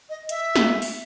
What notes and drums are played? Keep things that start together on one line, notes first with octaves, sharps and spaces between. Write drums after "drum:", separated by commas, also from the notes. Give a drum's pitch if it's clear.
D#5
E5, drum: hi-hat
drum: snare
drum: open hi-hat